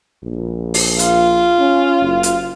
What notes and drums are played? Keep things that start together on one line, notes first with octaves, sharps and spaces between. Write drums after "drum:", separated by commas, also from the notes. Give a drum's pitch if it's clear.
A#1
drum: open hi-hat
F4, drum: hi-hat
C#4
F#1
drum: hi-hat